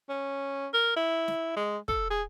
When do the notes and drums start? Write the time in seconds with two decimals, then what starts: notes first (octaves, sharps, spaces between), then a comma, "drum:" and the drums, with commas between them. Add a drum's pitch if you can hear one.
0.09 C#4
0.73 A#4
0.96 E4
1.28 drum: snare
1.56 G#3
1.88 A4, drum: kick
2.10 G#4